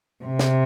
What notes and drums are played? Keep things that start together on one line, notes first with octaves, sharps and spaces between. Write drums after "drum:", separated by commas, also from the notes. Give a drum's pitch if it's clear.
C3
drum: snare